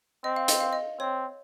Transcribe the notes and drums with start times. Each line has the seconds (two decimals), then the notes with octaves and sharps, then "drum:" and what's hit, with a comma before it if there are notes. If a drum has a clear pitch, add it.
0.24 C4 D#5
0.36 F5
0.48 D#5, drum: hi-hat
0.60 F5
0.73 D#5
0.99 C4 C#5